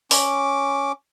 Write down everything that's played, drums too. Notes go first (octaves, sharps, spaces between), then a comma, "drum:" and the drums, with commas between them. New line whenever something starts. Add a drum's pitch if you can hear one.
C#4 D6, drum: open hi-hat